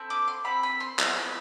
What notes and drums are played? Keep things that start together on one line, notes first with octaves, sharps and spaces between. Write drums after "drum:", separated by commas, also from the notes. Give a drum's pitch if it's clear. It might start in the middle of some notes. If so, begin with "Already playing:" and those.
Already playing: C4 E4 A4
D6
C6
C4 E4 A4 B5
B5
C6
B3 E4 G#4, drum: clap
C6
B5